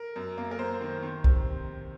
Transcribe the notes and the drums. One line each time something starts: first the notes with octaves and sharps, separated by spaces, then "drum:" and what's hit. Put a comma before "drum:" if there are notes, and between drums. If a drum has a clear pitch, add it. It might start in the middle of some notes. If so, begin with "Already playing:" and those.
Already playing: A#4
F#2
A#3
A#4
A#3 C5
D#3
D#3
C3, drum: kick